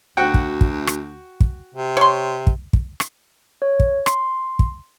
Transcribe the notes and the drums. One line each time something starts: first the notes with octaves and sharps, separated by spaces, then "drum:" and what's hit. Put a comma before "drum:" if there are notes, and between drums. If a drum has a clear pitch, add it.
D2 F#4 F#5 G5
drum: kick
drum: kick
drum: rim click
drum: kick
C3
C#5 C6
drum: kick
drum: kick
drum: rim click
C#5
drum: kick
C6, drum: rim click
drum: kick